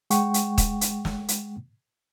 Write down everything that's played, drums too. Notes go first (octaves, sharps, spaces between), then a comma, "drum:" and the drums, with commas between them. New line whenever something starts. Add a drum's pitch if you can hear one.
G#3 F#5 G5 C#6, drum: hi-hat
drum: hi-hat
drum: kick, hi-hat
drum: hi-hat
drum: snare
drum: hi-hat